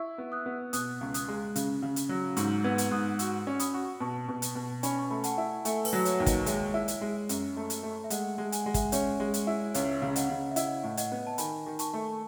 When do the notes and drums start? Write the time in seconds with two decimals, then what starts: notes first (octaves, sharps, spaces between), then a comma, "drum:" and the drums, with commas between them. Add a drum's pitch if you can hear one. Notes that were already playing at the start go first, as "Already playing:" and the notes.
Already playing: E4 C#6 E6
0.18 B3
0.32 D#6 F#6
0.46 B3
0.73 B2 D#6 F#6, drum: hi-hat
1.01 C#2
1.14 D#6 F#6, drum: hi-hat
1.28 G#3
1.56 C#3, drum: hi-hat
1.82 C#3
1.96 drum: hi-hat
2.09 F#3
2.37 G#2 C#6 E6, drum: hi-hat
2.64 B3 E6 G#6
2.78 drum: hi-hat
2.91 G#2 D#6 F#6
3.19 F#4 C#6 E6, drum: hi-hat
3.47 C#4
3.59 B5 D#6, drum: hi-hat
3.74 F#4
4.00 B2 A5 C#6
4.29 B2
4.42 drum: hi-hat
4.55 B2
4.83 C#4 G#5 B5, drum: hi-hat
4.99 C#6
5.10 A3 B5
5.24 F#5 A5, drum: hi-hat
5.38 E4
5.65 A3 E5 G#5, drum: hi-hat
5.85 B4, drum: open hi-hat
5.93 F#3
6.05 C#5, drum: hi-hat
6.20 D#2
6.26 B4 D#5, drum: kick, hi-hat
6.46 G#3 C#5 E5, drum: hi-hat
6.74 E4
6.88 drum: hi-hat
7.01 G#3
7.29 F#2, drum: hi-hat
7.57 A3
7.70 drum: hi-hat
7.83 A3
8.04 E5
8.10 G#3 D#5 F#5, drum: hi-hat
8.38 G#3
8.52 G#5, drum: hi-hat
8.64 G#3 F#5
8.74 E5 G#5, drum: kick, hi-hat
8.92 C#4 C#5 E5, drum: hi-hat
9.20 G#3
9.34 drum: hi-hat
9.47 E4
9.74 C#2 C#5, drum: hi-hat
10.02 C#3
10.16 D#5 F#5, drum: hi-hat
10.30 C#3
10.51 E5
10.56 E4 D#5 F#5, drum: hi-hat
10.83 A2
10.97 D#5 F#5, drum: hi-hat
11.12 B3
11.27 A5
11.38 D#3 G#5 B5, drum: hi-hat
11.66 D#3
11.79 A5 C#6, drum: hi-hat
11.94 A3